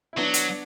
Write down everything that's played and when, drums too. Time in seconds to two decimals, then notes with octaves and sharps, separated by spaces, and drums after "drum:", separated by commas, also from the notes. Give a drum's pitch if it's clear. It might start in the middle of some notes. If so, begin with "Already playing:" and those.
0.13 E4
0.18 F#3 B3 D4
0.34 drum: hi-hat